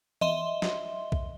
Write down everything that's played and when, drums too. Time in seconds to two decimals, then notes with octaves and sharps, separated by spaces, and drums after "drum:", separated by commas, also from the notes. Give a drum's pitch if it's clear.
0.21 D#5 E5 C6 G7, drum: tom E3
0.62 drum: snare
1.12 drum: kick